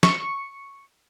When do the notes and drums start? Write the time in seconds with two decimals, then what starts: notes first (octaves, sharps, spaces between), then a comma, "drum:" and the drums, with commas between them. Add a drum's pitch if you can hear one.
0.03 C#6, drum: snare